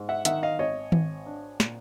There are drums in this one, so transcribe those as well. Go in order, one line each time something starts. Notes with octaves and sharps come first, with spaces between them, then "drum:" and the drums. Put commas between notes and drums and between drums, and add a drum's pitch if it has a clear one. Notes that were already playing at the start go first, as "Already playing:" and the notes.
Already playing: G#2
E5 F#5
D#3 E5 F#5, drum: hi-hat
D#5 F5
G#1 C#5 D#5
G#1, drum: tom D#3
D4
A#2, drum: snare